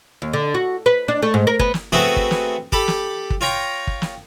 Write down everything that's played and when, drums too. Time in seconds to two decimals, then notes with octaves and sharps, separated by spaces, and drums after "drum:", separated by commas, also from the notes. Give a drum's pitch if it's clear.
0.22 D#2
0.33 D3
0.54 F#4
0.86 B4
1.08 D4
1.22 A3
1.34 G#2
1.47 A#4
1.60 B3, drum: kick
1.74 drum: snare
1.92 A3 B3 C4 F#4 G#4
2.16 drum: kick
2.31 drum: snare
2.72 G4 A4 B5, drum: kick
2.88 drum: snare
3.30 drum: kick
3.41 F4 C#5 G5 A#5
3.87 drum: kick
4.02 drum: snare